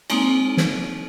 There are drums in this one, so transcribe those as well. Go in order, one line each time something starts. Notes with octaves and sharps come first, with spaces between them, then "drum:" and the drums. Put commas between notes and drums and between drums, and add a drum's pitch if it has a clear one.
G#3 A#3 C4 D#4, drum: cymbal
drum: snare